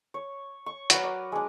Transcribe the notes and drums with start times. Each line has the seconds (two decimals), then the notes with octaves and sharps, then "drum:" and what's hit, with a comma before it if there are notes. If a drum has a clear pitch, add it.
0.14 C#5
0.66 C#6
0.90 F#3 A#4 B4 A#5, drum: hi-hat
1.03 D5
1.32 G#3 D4